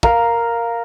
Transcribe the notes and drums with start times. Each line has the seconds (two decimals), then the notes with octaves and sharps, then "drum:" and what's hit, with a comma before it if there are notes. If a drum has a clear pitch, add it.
0.03 A#4 F5, drum: kick